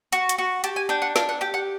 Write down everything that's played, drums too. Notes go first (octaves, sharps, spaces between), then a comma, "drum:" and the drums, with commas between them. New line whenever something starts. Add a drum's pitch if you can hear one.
F#4, drum: hi-hat
drum: hi-hat
F#4
G4 A5, drum: hi-hat
G#5
D4 G5
F#5
D4 F5, drum: snare
F#5
G4 G5
F#5